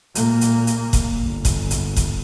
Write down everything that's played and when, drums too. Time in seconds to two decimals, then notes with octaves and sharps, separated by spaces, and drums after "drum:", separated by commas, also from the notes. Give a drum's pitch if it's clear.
0.15 A#2 A#3, drum: hi-hat
0.41 drum: hi-hat
0.67 drum: hi-hat
0.93 drum: kick F#1, hi-hat
1.23 G1
1.45 drum: kick F#1, hi-hat
1.71 drum: hi-hat
1.96 drum: kick F#1, hi-hat